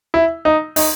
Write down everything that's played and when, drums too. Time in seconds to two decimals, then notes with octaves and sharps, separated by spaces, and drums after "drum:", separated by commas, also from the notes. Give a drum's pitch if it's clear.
0.14 E4
0.45 D#4
0.76 D#4, drum: open hi-hat